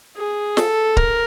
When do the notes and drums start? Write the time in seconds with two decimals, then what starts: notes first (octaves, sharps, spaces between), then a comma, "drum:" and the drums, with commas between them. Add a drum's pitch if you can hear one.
0.16 G#4
0.57 A4, drum: snare
0.97 A#4, drum: kick D1